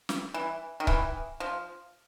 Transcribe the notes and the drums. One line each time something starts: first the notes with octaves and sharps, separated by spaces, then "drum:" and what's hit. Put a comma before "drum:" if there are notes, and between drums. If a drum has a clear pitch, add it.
drum: snare
E3
D#3
E3, drum: kick C#1
F3